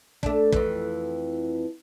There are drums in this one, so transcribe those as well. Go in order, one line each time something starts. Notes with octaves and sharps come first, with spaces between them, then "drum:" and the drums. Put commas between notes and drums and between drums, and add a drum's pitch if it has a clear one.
A3 D4, drum: kick
F2 E3, drum: kick